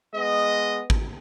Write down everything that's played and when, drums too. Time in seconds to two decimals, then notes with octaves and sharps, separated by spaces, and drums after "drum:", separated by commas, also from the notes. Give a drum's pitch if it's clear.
0.14 G#3 B3 D#5
0.90 drum: kick